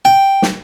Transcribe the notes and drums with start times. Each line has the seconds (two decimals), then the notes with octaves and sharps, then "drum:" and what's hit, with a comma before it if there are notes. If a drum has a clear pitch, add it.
0.05 G5
0.42 drum: snare